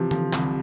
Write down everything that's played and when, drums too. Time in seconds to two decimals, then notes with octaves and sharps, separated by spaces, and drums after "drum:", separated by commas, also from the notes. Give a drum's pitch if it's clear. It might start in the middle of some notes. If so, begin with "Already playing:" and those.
Already playing: C3 E3 F3
0.11 D3 F3, drum: tom D3
0.33 C2, drum: clap